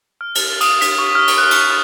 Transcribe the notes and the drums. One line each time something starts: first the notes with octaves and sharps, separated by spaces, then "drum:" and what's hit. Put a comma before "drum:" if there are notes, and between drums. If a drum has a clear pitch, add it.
F6
drum: cymbal
D#6, drum: cymbal
B6, drum: cymbal
C#6
F6
drum: cymbal
F#6
drum: cymbal
F6